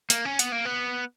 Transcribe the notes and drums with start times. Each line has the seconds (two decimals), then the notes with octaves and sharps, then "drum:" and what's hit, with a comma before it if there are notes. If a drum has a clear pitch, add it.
0.10 A#3, drum: hi-hat
0.25 C#4
0.39 B3, drum: hi-hat
0.52 A#3
0.65 B3